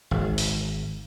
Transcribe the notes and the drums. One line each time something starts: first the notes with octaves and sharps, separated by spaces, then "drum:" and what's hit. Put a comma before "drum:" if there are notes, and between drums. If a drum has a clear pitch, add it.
G#1
drum: open hi-hat